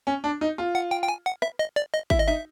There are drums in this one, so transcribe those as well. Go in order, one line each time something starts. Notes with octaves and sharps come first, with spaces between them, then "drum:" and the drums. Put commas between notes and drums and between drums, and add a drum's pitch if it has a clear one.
C#4
D4
D#4
F4
F#5
G5
G5
G#5
F#5
E5, drum: rim click
D#5
D5
D#5
E4 E5, drum: kick
D#5
D#4 E5